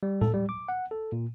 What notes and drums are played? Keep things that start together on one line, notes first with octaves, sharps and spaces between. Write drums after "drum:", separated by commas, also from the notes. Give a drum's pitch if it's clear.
G3
A4, drum: tom A2
G3
D6
F#5
A4
A#2